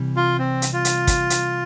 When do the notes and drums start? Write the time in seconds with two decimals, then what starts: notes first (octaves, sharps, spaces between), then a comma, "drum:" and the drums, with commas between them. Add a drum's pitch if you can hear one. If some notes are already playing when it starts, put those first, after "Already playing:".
Already playing: C2 C3 E3 G3
0.16 F4
0.39 C4
0.62 drum: hi-hat
0.73 F4
0.85 drum: hi-hat
1.07 drum: kick, hi-hat
1.30 drum: hi-hat